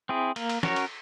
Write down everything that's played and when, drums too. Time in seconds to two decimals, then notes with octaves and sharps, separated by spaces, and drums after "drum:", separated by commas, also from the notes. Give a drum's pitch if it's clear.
0.09 C4 E4 G#4
0.36 A#3, drum: cymbal
0.49 drum: cymbal
0.63 C#4 F#4 A#4 C#5, drum: snare
0.76 drum: cymbal